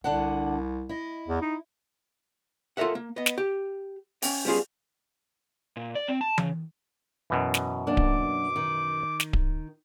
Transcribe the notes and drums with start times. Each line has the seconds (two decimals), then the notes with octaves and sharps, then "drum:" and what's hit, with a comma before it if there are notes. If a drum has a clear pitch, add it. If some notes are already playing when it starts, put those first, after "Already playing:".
0.04 C2 D3 D4 F#5
0.89 E4 D#5
1.28 E2
1.42 D#4
2.77 F4 A4 A#4 E5 F#5
2.95 A#3
3.16 B3 D#5
3.26 drum: snare
3.38 G4
4.22 C#4 G5, drum: open hi-hat
4.45 G3 B3 C#4 F4 G#4
5.77 A#2
5.95 D5
6.08 C4
6.21 A5
6.38 C#3, drum: tom E3
7.30 F#2 B2 E3
7.54 drum: snare
7.87 F#3 A#3 D4 D6
7.97 drum: kick D1
8.56 D#3
9.20 drum: snare
9.33 drum: kick D1